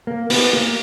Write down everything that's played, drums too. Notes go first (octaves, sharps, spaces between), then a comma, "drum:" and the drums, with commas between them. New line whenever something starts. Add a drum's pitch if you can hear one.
A#3
B3, drum: open hi-hat
A#3